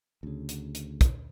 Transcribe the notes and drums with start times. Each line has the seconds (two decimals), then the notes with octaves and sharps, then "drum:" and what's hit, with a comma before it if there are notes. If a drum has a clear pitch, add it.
0.23 D2 C#3
0.49 drum: hi-hat
0.75 drum: hi-hat
1.01 drum: kick, hi-hat